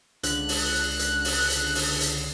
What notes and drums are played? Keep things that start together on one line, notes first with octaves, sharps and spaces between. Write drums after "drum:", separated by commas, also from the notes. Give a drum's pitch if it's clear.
C#2 D3 F#6, drum: hi-hat
drum: open hi-hat
drum: hi-hat
drum: open hi-hat
drum: hi-hat
drum: open hi-hat
drum: hi-hat